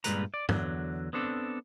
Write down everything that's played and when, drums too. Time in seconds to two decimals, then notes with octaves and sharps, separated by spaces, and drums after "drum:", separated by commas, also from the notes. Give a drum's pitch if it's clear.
0.04 G2 A#2 G3 G#3 B4 A#5, drum: hi-hat
0.34 D5
0.49 E2 D3 F#3, drum: tom
1.13 B3 C4 D4 A4